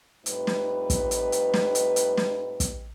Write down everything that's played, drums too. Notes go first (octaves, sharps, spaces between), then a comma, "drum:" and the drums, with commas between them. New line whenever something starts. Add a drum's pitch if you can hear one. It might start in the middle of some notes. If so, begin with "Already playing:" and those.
F2 A2 G3 D#4 B4, drum: hi-hat
drum: snare
drum: kick, hi-hat
drum: hi-hat
drum: hi-hat
drum: snare
drum: hi-hat
drum: hi-hat
drum: snare
drum: kick, hi-hat